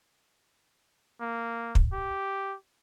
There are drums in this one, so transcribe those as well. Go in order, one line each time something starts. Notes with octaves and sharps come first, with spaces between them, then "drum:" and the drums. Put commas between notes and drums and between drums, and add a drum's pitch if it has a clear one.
A#3
drum: kick
G4